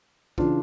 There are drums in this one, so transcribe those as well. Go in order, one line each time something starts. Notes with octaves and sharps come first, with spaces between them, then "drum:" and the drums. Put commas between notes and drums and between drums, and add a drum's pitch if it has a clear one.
C#3 E3 D4 F4, drum: kick